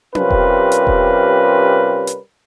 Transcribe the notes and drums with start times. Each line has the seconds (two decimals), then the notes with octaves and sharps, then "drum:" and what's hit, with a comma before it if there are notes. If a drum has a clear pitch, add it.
0.15 C3 G3 C#4 F4 A#4 B4, drum: tom C#4
0.31 drum: kick E1
0.72 drum: hi-hat
0.87 drum: kick E1
2.07 drum: hi-hat